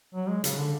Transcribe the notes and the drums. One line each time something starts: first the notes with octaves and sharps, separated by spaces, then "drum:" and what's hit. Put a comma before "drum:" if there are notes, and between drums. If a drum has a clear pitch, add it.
F#3
G#3
C#3, drum: hi-hat
D3